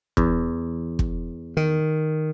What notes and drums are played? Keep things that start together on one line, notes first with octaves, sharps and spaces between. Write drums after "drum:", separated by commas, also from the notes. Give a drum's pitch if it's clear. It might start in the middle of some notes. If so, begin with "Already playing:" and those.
E2, drum: kick
drum: kick
D#3